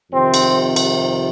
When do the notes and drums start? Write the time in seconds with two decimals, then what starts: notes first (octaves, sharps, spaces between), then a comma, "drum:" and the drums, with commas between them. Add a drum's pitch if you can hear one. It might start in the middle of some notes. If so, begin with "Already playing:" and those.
0.12 F2 C3 D#3 C4
0.34 drum: cymbal
0.76 drum: cymbal